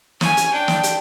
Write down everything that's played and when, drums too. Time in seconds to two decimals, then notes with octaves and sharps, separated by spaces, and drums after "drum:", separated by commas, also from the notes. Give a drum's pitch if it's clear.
0.21 C#4 G#5, drum: snare
0.37 drum: hi-hat
0.53 D4 G5
0.68 drum: snare
0.83 drum: hi-hat